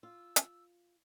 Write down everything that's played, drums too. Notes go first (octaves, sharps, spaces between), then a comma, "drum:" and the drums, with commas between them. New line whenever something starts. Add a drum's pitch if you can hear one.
F4 E6
drum: hi-hat